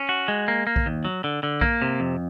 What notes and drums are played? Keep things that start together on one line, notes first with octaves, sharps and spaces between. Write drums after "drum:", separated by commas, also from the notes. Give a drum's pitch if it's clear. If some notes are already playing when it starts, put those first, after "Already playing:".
Already playing: C#4
F#4
G#3
A#3
A#3
drum: kick A#1
D#2
F#3
D3
D3
A#3, drum: kick A#1
C3
F2